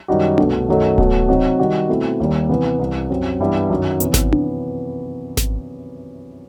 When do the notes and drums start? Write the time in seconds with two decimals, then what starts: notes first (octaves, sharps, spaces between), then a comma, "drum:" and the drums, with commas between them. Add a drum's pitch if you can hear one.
0.08 F#2 D#3 G3 D#4 F#4
0.38 C2 B2 A3, drum: tom D4
0.69 F#2 D#3 F#3 A3 D#4
0.98 B2 F#3 A3, drum: kick D1
1.28 C3 F#3 C4 D#4 F#4
1.59 D#3 G3 D#4 F#4
1.89 B2 A3 C4 E4
2.20 D#2 D#3 G3
2.49 C3 E3 B3
2.79 C2 C3 E3
3.10 F#2 F#3 C4
3.40 G2 E3 G3 B3 E4
3.70 F#2 D#3 F#3
4.00 C3 E3 B3, drum: hi-hat
4.14 drum: snare G#1
4.33 drum: tom D4
5.37 drum: snare G#1